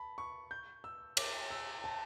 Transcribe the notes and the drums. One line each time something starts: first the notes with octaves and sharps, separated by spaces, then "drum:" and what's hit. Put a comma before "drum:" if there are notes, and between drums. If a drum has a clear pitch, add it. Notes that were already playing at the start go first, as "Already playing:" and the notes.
Already playing: A5 B5
C#6
G6
E6
D6, drum: cymbal
E6
A5